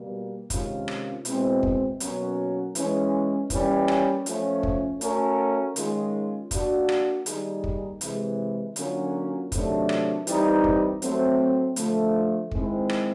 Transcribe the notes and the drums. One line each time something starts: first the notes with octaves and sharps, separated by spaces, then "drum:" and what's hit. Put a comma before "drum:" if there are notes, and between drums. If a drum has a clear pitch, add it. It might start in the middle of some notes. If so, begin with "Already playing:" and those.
Already playing: B2 G3 A#3
C3 D#3 G#3 C#4 F4, drum: kick, hi-hat
drum: rim click
B2 G#3 C4 E4, drum: hi-hat
drum: kick
B2 F#3 A#3 C#4, drum: hi-hat
E3 G#3 C#4, drum: hi-hat
E3 G3 A#3 C#4, drum: kick, hi-hat
drum: rim click
F3 A3 C#4, drum: hi-hat
drum: kick
A3 C#4 F#4 A#4, drum: hi-hat
D#3 G#3 C#4 F4 G#4, drum: hi-hat
A#3 D4 F#4, drum: kick, hi-hat
drum: rim click
D#3 G3 A#3 D#4 G#4, drum: hi-hat
drum: kick
C3 E3 G#3, drum: hi-hat
D3 F#3 A#3 C#4 F4, drum: hi-hat
C3 D#3 F#3 A3 D4, drum: kick, hi-hat
drum: rim click
E3 G3 C4 D#4, drum: hi-hat
drum: kick
F#3 A3 C4, drum: hi-hat
D3 F3 A3, drum: hi-hat
D#3 G#3 C4 E4, drum: kick
drum: rim click